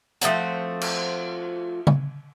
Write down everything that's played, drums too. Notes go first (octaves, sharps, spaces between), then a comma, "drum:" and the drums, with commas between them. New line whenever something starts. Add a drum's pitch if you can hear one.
F3 A3 C4 F#4, drum: hi-hat
drum: cymbal
drum: tom C#3